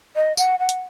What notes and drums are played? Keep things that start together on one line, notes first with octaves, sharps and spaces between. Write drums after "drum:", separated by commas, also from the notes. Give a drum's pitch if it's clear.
D#5
F#5, drum: tambourine
F#5
drum: hi-hat